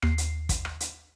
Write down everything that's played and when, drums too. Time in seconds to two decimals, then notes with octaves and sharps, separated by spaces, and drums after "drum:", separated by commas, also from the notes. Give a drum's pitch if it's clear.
0.02 D#2 C7, drum: rim click
0.18 drum: hi-hat
0.49 drum: kick, hi-hat
0.65 drum: rim click
0.80 drum: hi-hat